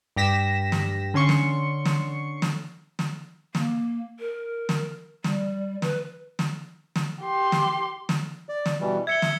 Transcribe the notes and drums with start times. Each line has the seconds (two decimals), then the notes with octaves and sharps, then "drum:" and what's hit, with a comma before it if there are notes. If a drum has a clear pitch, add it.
0.16 G2 G4 A#6 B6 E7
0.72 drum: snare
1.14 D3 C#4 C6 C#6 C#7
1.29 drum: snare
1.85 drum: snare
2.42 drum: snare
2.99 drum: snare
3.55 A#3, drum: snare
4.20 A#4
4.69 drum: snare
5.24 G3, drum: snare
5.82 B4, drum: snare
6.39 drum: snare
6.96 drum: snare
7.23 G4 C6
7.52 drum: snare
8.09 drum: snare
8.49 D5
8.66 drum: snare
8.81 B2 E3 G3
9.07 E5 G#6 C#7 G7
9.22 drum: snare